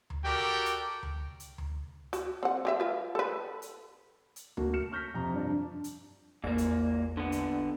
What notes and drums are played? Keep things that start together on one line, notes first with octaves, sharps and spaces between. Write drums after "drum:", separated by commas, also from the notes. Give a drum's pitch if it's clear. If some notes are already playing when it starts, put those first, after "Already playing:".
drum: tom D2
F#4 G4 A4 A#4 D5 G5
drum: hi-hat
drum: tom D2
drum: hi-hat
drum: tom D2
F#4, drum: hi-hat
C4 F#5
F#3 G4 E5
F4 B4
A4 B4
drum: hi-hat
drum: hi-hat
A3 A#3 F#4, drum: tom D2
F6 C#7 E7
C#6 F6 G6 A#6 B6
F2 C3 A#5
G2 F3 D4
drum: hi-hat
A1 E2 G#2 A#3 D5
drum: hi-hat
D3 B3
drum: hi-hat